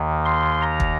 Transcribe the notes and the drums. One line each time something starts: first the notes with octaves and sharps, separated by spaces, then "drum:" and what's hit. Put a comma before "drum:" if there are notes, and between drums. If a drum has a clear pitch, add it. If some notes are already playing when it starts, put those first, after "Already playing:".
Already playing: D#2 D#3
C6
A#5
drum: kick